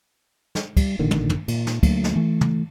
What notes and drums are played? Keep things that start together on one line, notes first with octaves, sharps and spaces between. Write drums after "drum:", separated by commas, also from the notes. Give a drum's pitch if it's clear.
drum: snare
G3, drum: kick, cymbal
A1 A#2 D3 D#3
drum: tom
drum: tom
A#2, drum: cymbal
drum: snare
D2 F#3 A3 A#3, drum: kick, cymbal
drum: snare
E3 A3
drum: tom